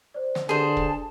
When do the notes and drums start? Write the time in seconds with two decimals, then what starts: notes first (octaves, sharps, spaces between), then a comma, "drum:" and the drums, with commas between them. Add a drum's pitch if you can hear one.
0.14 C5 D5
0.35 drum: snare
0.49 D3 G4 G#4 B4 C5 G#5 A5
0.77 drum: kick